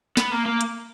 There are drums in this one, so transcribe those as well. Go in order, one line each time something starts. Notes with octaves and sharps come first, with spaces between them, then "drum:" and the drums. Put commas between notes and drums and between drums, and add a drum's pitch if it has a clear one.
B3, drum: snare
A#3
A#3
drum: hi-hat